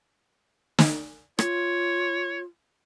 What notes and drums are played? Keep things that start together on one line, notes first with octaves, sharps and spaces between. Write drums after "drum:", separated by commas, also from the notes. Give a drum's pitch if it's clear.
drum: snare
F4 C#5, drum: rim click